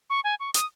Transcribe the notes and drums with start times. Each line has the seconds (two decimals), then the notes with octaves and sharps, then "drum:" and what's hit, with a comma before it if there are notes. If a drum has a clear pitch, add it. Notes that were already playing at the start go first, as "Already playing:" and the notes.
0.10 C#6
0.24 G#5
0.40 C#6
0.54 D#6, drum: hi-hat